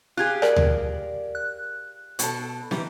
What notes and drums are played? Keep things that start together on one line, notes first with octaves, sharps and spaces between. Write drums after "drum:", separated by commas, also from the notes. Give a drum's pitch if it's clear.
F4 G4 G#4 F#6 G#6
A#4 D5, drum: rim click
drum: tom D2
F#6
B2 A4, drum: hi-hat
D#3 E3 G4, drum: snare